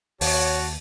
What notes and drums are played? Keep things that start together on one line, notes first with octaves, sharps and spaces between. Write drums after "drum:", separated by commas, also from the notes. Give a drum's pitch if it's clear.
D#2 F#4 C#5 A5, drum: open hi-hat